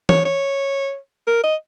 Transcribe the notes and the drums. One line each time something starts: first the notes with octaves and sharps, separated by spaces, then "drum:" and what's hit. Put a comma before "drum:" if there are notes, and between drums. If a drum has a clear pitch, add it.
C#5, drum: tom
C#5
A#4
D#5